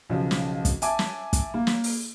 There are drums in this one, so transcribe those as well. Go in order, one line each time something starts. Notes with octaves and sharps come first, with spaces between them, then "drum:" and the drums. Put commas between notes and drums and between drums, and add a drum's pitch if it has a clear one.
B1 C#3 F3
drum: snare
drum: kick, hi-hat
E5 G#5 A5 D6, drum: hi-hat
drum: snare
drum: kick, hi-hat
A#3
drum: snare
drum: open hi-hat